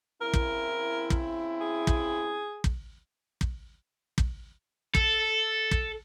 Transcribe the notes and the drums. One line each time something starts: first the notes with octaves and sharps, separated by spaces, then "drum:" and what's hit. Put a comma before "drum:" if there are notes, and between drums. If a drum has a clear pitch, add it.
C#3 C4 E4 A#4
drum: kick
drum: kick
G#4
drum: kick
drum: kick
drum: kick
drum: kick
A4, drum: kick
drum: kick